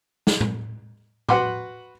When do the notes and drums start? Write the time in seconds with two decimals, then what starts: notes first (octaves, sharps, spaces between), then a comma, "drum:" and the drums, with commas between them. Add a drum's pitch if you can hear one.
0.27 drum: snare
0.41 drum: tom A2
1.29 F#4 B4 F#5 B5 C6 D6, drum: tom A2